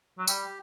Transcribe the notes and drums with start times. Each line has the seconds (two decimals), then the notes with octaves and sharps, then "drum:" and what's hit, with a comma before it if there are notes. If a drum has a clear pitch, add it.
0.18 F#3
0.27 G3 G4, drum: tambourine